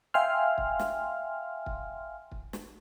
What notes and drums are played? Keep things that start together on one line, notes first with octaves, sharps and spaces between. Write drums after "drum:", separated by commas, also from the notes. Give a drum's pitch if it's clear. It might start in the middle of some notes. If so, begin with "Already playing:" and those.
E5 F5 G5 G#5 C6 F6
drum: kick
drum: snare
drum: kick
drum: kick
drum: snare